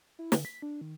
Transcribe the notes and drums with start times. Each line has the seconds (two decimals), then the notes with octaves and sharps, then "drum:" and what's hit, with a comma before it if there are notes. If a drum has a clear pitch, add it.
0.19 E4
0.32 D3, drum: snare
0.45 B6
0.62 D4
0.81 D#3